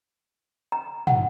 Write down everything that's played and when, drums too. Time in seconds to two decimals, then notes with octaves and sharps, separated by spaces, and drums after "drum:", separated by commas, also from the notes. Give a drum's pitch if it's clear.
0.72 A#5
1.07 F#5, drum: tom